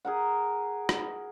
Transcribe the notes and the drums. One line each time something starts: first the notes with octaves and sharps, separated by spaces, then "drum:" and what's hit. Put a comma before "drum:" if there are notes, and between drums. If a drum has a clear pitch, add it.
G#4 A#4 F#5
drum: rim click